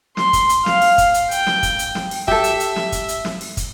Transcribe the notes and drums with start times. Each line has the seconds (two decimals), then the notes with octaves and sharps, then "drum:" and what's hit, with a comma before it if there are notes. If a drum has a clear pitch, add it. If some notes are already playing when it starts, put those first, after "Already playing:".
0.17 C6, drum: snare
0.33 drum: kick, hi-hat
0.49 drum: hi-hat
0.66 F5, drum: snare
0.82 drum: open hi-hat
0.98 drum: kick, hi-hat
1.14 drum: hi-hat
1.31 G5, drum: hi-hat
1.47 drum: snare
1.63 drum: kick, hi-hat
1.79 drum: hi-hat
1.95 drum: snare
2.11 drum: open hi-hat
2.28 G4 A4 E5, drum: kick
2.44 drum: hi-hat
2.60 drum: hi-hat
2.76 drum: snare
2.92 drum: kick, hi-hat
3.08 drum: hi-hat
3.25 drum: snare
3.41 drum: open hi-hat
3.57 drum: kick, hi-hat